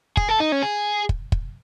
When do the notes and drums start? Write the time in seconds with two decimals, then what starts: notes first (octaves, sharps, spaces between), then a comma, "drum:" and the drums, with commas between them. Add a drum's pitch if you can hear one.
0.17 G#4, drum: kick
0.29 A4
0.40 D#4
0.52 C#4
0.63 G#4
1.09 drum: kick
1.32 drum: kick